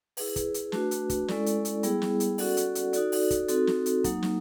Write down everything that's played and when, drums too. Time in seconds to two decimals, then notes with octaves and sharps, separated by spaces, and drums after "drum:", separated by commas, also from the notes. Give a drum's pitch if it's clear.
0.17 E4 G#4 B4, drum: open hi-hat
0.36 drum: kick, hi-hat
0.54 drum: hi-hat
0.72 A3 D4 F#4 B4, drum: snare
0.91 drum: hi-hat
1.10 drum: kick, hi-hat
1.28 G#3 C#4 E4 A4 D5, drum: snare
1.46 drum: hi-hat
1.65 drum: hi-hat
1.83 G3 B3 E4 G#4, drum: hi-hat
2.02 drum: snare
2.20 drum: hi-hat
2.38 C#4 F#4 A4 D5 F#5, drum: open hi-hat
2.57 drum: hi-hat
2.75 drum: hi-hat
2.93 D#4 F#4 A4 D5, drum: hi-hat
3.12 drum: open hi-hat
3.30 drum: kick, hi-hat
3.48 C4 D#4 F#4 A4, drum: hi-hat
3.67 drum: snare
3.86 drum: hi-hat
4.04 F#3 A#3 D#4, drum: kick, hi-hat
4.23 drum: snare